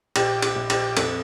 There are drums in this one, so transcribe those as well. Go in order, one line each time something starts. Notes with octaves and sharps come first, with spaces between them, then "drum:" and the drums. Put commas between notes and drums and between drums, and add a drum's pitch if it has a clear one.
A#1 G4, drum: cymbal
G4, drum: cymbal
A#1
G4, drum: cymbal
F2 A4, drum: cymbal